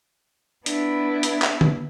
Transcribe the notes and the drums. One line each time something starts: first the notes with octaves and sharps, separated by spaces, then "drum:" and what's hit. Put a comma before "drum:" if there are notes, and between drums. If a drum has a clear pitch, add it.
B3 D4 E4, drum: hi-hat
drum: hi-hat
drum: clap
drum: tom D3